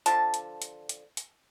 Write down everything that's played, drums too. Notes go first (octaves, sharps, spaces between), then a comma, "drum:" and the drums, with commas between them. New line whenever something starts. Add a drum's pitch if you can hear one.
D3 F3 A5, drum: hi-hat
drum: hi-hat
drum: hi-hat
drum: hi-hat
drum: hi-hat